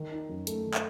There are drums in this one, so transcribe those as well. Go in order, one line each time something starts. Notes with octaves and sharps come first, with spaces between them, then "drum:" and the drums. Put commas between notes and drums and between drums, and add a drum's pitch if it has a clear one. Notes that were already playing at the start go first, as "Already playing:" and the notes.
Already playing: D#3
D#4
F#2
A3, drum: hi-hat
D#3
drum: clap